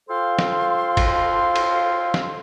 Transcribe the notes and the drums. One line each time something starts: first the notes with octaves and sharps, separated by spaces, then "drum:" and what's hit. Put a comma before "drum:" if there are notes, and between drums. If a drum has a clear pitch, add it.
F4 A4 C5 F5 G5 C6
drum: snare
drum: kick, cymbal
drum: cymbal
drum: snare